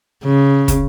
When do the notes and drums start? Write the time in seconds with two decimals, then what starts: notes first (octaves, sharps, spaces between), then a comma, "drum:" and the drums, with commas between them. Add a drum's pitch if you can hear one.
0.24 C#3
0.68 drum: kick, hi-hat